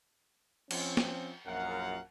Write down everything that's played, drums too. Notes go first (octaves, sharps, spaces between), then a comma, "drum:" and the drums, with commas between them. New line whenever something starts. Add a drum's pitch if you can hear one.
F3 C4 C#4, drum: cymbal
drum: snare
A#1 F#2 A#4 F5 F#5